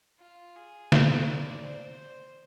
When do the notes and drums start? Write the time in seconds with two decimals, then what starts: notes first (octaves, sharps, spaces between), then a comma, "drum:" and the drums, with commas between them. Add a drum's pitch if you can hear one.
0.20 F4
0.56 G#4
0.92 A#4, drum: snare
1.28 D5
1.64 C5